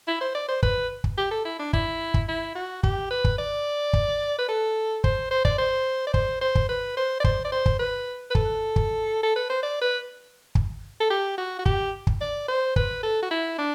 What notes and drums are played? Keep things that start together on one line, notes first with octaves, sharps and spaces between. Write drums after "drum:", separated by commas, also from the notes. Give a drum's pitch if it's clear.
E4
C5
D5
C5
B4, drum: kick
drum: kick
G4
A4
E4
D4
E4, drum: kick
drum: kick
E4
F#4
G4, drum: kick
B4
drum: kick
D5
drum: kick
B4
A4
C5, drum: kick
C5
D5, drum: kick
C5
D5
C5, drum: kick
C5
drum: kick
B4
C5
D5
C5, drum: kick
D5
C5
drum: kick
B4
B4
A4, drum: kick
drum: kick
A4
B4
C5
D5
B4
drum: kick
A4
G4
F#4
F#4
G4, drum: kick
drum: kick
D5
C5
B4, drum: kick
A4
F#4
E4
D4